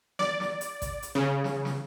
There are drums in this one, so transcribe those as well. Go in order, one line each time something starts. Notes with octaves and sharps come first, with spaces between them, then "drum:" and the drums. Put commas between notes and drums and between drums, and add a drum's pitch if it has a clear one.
D5, drum: snare
drum: snare
drum: hi-hat
drum: kick A1, hi-hat
drum: hi-hat
C#3
drum: snare
drum: snare